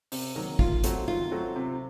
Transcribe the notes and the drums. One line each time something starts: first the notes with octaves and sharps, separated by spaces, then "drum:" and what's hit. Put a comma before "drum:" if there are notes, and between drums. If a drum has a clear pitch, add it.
C3, drum: open hi-hat
D#3 F#3 A#3
D#3 F4, drum: kick
F#3 A3 C4 F#4, drum: hi-hat
D#3 F4
F#3 A3 C4 F#4
C3